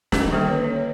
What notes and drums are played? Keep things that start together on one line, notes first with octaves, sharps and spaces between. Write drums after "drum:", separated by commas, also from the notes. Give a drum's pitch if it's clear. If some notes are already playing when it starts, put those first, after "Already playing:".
C#4 G4, drum: snare
D3 D#3 G3 A#3 A4
B4 C#5
C#4
C#5